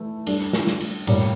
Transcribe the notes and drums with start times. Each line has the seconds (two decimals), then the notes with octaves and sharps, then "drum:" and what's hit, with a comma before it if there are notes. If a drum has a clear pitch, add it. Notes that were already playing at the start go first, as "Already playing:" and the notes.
Already playing: E3 A3 E4
0.27 G3 D4 A4 D5, drum: cymbal
0.53 drum: snare
0.67 drum: snare
0.80 drum: cymbal
1.07 A2 G3 A#3, drum: cymbal